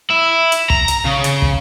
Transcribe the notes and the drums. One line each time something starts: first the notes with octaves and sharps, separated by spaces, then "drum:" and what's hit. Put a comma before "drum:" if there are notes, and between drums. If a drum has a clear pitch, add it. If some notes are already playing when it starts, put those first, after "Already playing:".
E4
drum: hi-hat
A#5, drum: kick
drum: hi-hat
C#3
drum: hi-hat
drum: kick